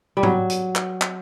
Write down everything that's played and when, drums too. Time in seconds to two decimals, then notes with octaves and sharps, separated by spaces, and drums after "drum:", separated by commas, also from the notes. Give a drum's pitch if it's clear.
0.17 G3
0.23 F#3, drum: tom G#2
0.50 drum: hi-hat
0.76 drum: clap
1.02 drum: clap